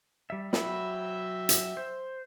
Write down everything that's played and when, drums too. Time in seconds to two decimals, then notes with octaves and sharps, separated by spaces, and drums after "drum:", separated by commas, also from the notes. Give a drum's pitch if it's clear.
0.30 G3 E5
0.53 F#3 E5 G5 B5 E6, drum: snare
1.49 drum: hi-hat
1.77 C5